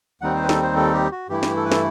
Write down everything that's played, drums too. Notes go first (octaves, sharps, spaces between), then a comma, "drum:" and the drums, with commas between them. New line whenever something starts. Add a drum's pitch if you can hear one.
D#2 D#3 G3 C4 D#4 F#5
C5
B4
A4, drum: snare
C5
A4
G4
F#4
G2 E3 A3 E4 G4
drum: snare
A4
B4
A4, drum: snare